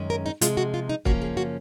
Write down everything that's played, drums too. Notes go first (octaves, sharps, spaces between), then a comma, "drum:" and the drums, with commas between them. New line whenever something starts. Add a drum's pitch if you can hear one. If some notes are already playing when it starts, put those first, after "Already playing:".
Already playing: F#2 D#3 G#3 C#4
A#4
D#4
C3 F3 G#3 F4, drum: hi-hat
F#4
F4
D#4
F#2 C#3 F3 A#3 C#4 F#4, drum: kick
G#4
F#4